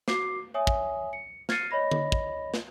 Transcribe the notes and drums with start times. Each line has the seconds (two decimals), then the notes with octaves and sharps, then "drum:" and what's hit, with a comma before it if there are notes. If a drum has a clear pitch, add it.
0.08 F#4 D6 C7, drum: snare
0.54 C#5 E5 G#5 D#6
0.67 drum: kick
1.13 C#7
1.49 F6 G#6 A6 C7 C#7 D#7, drum: snare
1.71 C#5 D#5 B5 A#6
1.91 drum: tom D3
2.12 drum: kick
2.54 drum: snare